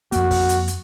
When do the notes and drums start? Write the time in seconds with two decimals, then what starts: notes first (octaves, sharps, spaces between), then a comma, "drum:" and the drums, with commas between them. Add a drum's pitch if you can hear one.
0.12 F2 A#3 F#4, drum: hi-hat
0.31 drum: kick, open hi-hat
0.49 drum: hi-hat
0.68 drum: hi-hat